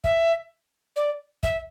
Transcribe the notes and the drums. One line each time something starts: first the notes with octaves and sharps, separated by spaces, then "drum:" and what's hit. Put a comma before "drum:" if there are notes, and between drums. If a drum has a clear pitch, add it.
E5, drum: kick
D5
E5, drum: kick